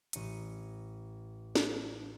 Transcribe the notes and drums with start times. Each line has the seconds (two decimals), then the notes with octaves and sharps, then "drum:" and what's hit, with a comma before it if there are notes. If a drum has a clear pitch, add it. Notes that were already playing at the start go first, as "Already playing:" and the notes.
0.13 A1 C#7 D#7, drum: hi-hat
1.55 drum: snare